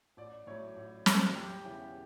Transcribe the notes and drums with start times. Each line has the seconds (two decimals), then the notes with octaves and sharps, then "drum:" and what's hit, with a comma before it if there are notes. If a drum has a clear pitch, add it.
0.17 A1 D5
0.47 A2 F#3 C#5
0.76 A1
1.06 A2 F#3, drum: snare
1.35 E1 G4
1.65 E2 C#3 E3 G4